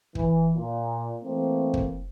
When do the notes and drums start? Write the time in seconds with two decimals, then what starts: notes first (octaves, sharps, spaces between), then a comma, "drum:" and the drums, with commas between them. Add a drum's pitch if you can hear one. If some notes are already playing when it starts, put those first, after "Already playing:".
0.15 E3, drum: kick
0.55 A#2
1.23 E3 A3 A#3 C4
1.74 drum: kick